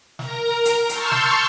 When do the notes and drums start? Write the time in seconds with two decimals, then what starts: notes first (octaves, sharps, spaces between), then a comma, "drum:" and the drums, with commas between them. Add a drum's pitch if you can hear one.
0.19 A#4 A#5, drum: snare
0.65 drum: hi-hat
0.89 A5 C6 C#6 E6 F6 G6, drum: hi-hat
1.12 drum: snare